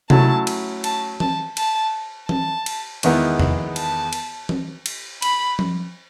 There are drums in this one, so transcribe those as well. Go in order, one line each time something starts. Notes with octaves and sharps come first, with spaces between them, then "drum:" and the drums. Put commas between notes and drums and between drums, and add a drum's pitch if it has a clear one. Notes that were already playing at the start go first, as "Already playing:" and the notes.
F#3 A3 C#4 E4 A5, drum: tom C3
drum: cymbal
A5, drum: cymbal
A5, drum: tom
A5, drum: cymbal
A5, drum: tom
drum: cymbal
E2 D#3 G#3 B3 E4, drum: cymbal
drum: tom E2
A5, drum: cymbal
drum: cymbal
drum: tom
drum: cymbal
B5, drum: cymbal
drum: tom F3